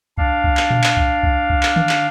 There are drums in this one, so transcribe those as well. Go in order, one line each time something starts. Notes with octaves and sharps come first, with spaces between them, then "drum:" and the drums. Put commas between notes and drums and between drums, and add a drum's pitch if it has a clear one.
D4 F5, drum: kick C2
drum: kick C2
drum: clap
drum: tom A#2
drum: clap
drum: kick C2
drum: kick C2
drum: kick C2
drum: clap
drum: tom D3
drum: clap